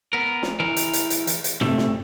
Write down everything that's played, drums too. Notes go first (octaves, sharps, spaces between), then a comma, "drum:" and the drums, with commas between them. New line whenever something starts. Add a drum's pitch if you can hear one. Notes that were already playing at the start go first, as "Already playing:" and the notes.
B3 A#4
drum: snare
E3 A#4
drum: hi-hat
drum: hi-hat
drum: hi-hat
drum: hi-hat
drum: hi-hat
C3 A3, drum: tom
drum: snare